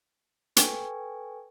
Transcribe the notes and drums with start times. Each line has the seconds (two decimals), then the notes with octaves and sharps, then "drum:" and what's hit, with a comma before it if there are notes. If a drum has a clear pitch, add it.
0.57 A4 B4 G5 G#5 C#6, drum: hi-hat